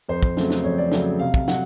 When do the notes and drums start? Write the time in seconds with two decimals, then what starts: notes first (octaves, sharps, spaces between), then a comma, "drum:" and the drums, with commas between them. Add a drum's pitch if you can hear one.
0.09 F2 C5
0.23 drum: kick
0.37 C#3 F#3 A3 C4, drum: snare
0.50 drum: snare
0.64 F2 C#5
0.78 D5
0.92 C#3 F#3 A3 C4, drum: snare
1.19 C3 F5
1.34 drum: kick
1.48 F#3 F#5, drum: snare